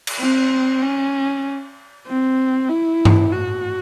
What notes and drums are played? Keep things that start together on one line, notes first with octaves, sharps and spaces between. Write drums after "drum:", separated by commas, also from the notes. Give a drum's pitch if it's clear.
drum: cymbal
C4
C#4
C4
E4
drum: tom G2
F#4